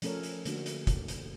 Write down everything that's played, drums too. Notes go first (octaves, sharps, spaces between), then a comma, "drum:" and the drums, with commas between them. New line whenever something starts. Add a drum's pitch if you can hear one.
F3 A3 C#4 A4 A#4 C#5, drum: hi-hat
drum: hi-hat
D3 A3 A#3 D4 F#4, drum: hi-hat
drum: hi-hat
drum: kick, hi-hat
drum: hi-hat